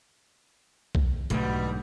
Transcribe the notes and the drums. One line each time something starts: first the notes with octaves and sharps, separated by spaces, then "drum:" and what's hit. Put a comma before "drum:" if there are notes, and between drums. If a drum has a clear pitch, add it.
drum: kick
B1 G#2 B2 D3 G3 A3, drum: hi-hat